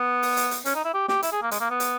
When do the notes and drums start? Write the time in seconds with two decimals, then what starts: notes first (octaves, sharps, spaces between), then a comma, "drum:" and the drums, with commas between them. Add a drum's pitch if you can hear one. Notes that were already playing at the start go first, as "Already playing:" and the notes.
Already playing: B3
0.23 drum: open hi-hat
0.37 drum: hi-hat
0.51 drum: hi-hat
0.65 C#4, drum: hi-hat
0.75 D#4
0.85 E4
0.94 G4
1.08 G4, drum: snare
1.23 E4, drum: hi-hat
1.32 G#4
1.42 A#3
1.51 G#3, drum: hi-hat
1.60 A#3
1.70 B3
1.80 drum: hi-hat